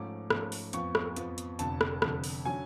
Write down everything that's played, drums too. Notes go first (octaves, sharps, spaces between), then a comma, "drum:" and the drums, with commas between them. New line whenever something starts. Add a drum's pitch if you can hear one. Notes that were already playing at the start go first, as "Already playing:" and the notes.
Already playing: G#2 F3 A3 C#4 D6
G#2 F3 A3 C#4, drum: rim click
drum: open hi-hat
F2 F3 B3 C#6, drum: hi-hat
drum: rim click
F2 F3 B3, drum: hi-hat
drum: hi-hat
F1 F2 D3 A5, drum: hi-hat
drum: rim click
F1 F2 D3, drum: rim click
drum: open hi-hat
D3 F#3 C#4 G#5